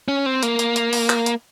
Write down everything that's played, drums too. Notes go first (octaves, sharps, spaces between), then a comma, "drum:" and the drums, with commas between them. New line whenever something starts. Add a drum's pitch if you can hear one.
C#4
C4
A#3, drum: hi-hat
drum: hi-hat
drum: hi-hat
drum: open hi-hat
drum: clap
drum: hi-hat